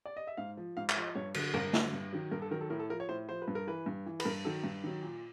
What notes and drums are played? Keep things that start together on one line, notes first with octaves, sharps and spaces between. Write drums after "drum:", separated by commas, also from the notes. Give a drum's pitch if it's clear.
D5
D#5
E5
G#2 F5
F3
G#2 F5
E5, drum: clap
F3
D#5
G2 C#5
D3 F#3, drum: cymbal
G2 A#4, drum: tom
D3 F#3, drum: snare
G2
D#3 F#3
G2 A#4
A4
D#3 F#3 A#4
A4
A2 A#4
A4
F3 A#4
C#5
A2 C5
F3 C5
B4
G2
A#4
E3 B4
G2
E3
B4, drum: cymbal
G2 A#4
D#3 F#3 A4
G2
D#3 F#3
A#2